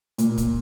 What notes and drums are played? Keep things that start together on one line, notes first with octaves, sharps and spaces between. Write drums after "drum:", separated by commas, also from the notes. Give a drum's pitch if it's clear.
A#2, drum: hi-hat
drum: kick, hi-hat